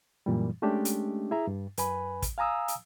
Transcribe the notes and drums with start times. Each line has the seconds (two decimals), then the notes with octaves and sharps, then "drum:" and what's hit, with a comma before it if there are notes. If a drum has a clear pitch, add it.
0.26 F#2 A#2 E3 G3
0.62 G#3 A3 C#4 D4 G4
0.85 drum: hi-hat
1.31 E4 G#4 E5 A#5
1.47 G2
1.77 F#2 B4 G#5 B5, drum: hi-hat
2.22 drum: kick, hi-hat
2.38 F5 G#5 A#5 D#6 E6
2.68 drum: hi-hat